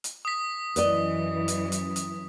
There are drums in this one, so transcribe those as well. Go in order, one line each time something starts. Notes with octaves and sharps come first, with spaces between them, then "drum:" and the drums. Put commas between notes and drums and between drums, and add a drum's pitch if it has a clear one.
drum: hi-hat
D#6 B6
F#2 E3 B4 D5 D#5, drum: hi-hat
drum: hi-hat
drum: hi-hat
drum: hi-hat